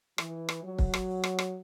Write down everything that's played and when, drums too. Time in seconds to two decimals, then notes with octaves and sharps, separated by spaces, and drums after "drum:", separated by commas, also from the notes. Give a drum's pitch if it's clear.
0.18 E3, drum: rim click
0.49 drum: rim click
0.63 F#3
0.79 drum: kick
0.94 drum: rim click
1.24 drum: rim click
1.39 drum: rim click